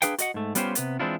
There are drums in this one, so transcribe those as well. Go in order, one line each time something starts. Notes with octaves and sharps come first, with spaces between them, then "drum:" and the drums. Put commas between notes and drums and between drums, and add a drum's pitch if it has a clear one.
D4 F4 G#4 B4 F5 G5, drum: hi-hat
F#4 D#5 F#5, drum: hi-hat
G#2 A3
G3 B3 C#4 F4 G4 C5, drum: hi-hat
C3 B3, drum: hi-hat
E3 G#3 C4 D4 E4 F4